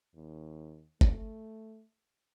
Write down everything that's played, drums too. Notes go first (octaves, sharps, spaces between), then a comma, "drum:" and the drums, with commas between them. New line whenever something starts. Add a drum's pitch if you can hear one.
D#2
A3, drum: kick G1